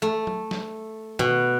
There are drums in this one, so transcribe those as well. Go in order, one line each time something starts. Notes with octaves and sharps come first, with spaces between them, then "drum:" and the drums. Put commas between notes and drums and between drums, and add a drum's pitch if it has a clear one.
A3
drum: tom F#3
drum: snare
B2, drum: tom D#3